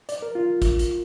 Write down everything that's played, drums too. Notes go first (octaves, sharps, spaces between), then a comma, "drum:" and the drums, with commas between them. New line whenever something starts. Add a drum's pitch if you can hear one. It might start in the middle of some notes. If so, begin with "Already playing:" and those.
D5, drum: hi-hat
A#4
F4
drum: kick, hi-hat
drum: hi-hat